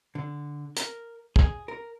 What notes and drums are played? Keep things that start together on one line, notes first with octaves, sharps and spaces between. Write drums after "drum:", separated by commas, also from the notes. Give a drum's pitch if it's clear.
D3
A#4, drum: hi-hat
G#4, drum: kick
A#4